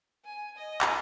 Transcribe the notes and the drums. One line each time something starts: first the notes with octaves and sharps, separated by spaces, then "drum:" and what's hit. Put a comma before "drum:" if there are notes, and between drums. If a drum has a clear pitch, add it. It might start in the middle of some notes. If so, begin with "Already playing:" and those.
G#5
D#5
drum: clap